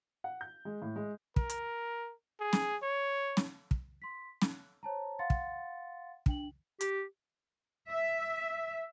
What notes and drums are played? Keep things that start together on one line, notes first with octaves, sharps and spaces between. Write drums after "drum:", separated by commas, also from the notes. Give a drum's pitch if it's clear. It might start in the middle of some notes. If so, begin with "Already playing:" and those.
F#5
G6
G#3
A2
G#3
A#4, drum: kick
drum: hi-hat
G#4
drum: snare
C#5
drum: snare
drum: kick
C6 B6
F#6, drum: snare
C5 C#5 A5 A#5
F5 F#5 C6 A6 C#7
drum: kick
D4 G5 F#7, drum: kick
G4, drum: hi-hat
E5